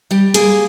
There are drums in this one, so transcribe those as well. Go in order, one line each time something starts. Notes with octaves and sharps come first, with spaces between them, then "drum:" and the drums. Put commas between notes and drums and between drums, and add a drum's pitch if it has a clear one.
G3 G4
A#3 G#4, drum: hi-hat